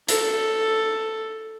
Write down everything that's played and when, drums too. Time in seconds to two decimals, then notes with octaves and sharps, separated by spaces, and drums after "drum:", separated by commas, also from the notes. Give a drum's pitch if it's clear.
0.09 A4, drum: hi-hat